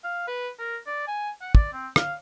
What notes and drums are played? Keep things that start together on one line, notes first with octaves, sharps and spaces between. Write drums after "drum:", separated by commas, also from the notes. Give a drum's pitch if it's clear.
F5
B4
A#4
D5
G#5
F#5
D5, drum: kick
C4
F5, drum: rim click